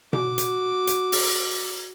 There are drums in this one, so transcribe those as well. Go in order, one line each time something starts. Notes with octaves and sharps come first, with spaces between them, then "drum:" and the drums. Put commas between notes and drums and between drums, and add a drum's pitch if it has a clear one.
F#4 D6, drum: tom B2
drum: hi-hat
drum: hi-hat
drum: open hi-hat